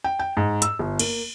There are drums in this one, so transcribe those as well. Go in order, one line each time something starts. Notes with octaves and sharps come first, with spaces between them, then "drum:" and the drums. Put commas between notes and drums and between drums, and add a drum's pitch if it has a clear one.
G5
G5
G#2
E6, drum: hi-hat
G1
A#3, drum: cymbal